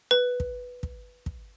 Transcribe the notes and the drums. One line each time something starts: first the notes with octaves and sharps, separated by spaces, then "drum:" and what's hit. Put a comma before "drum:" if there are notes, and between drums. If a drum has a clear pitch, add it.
B4
drum: kick
drum: kick
drum: kick